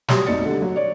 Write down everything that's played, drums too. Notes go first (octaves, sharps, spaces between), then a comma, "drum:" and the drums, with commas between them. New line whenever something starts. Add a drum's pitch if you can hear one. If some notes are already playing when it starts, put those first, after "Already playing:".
F#3 G3 C#5 C6 D#6, drum: snare
F1 B1 D#4 D5 A6 C#7
D3 G3
F#3
C#5 D5